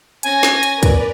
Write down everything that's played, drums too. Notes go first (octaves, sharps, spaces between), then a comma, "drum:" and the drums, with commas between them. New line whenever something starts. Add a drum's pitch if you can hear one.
C#4 G#5 A#6, drum: hi-hat
drum: snare
drum: hi-hat
A#4 B4 D5
drum: kick, hi-hat